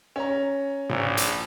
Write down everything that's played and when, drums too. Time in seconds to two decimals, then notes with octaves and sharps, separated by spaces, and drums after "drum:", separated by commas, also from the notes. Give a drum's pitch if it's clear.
0.16 C#4 A#5
0.89 A#1, drum: tom G#2
1.17 drum: hi-hat